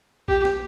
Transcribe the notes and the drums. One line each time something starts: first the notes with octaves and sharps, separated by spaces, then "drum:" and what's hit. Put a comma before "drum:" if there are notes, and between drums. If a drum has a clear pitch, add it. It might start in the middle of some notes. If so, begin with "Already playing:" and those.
G4, drum: kick
drum: snare